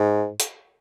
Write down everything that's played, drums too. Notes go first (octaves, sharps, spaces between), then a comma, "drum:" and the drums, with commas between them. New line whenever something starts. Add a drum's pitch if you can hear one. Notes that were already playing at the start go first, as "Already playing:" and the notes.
Already playing: G#2
drum: hi-hat